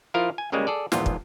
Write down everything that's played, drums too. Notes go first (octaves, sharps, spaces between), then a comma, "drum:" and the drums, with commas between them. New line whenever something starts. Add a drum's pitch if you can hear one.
F3 E4 F4 A#4 F5
G#5
C#2 C#3 G3 G#3 A#3
G#4 A4 D5
A#1 E2 G#2 B3 F4, drum: snare
drum: kick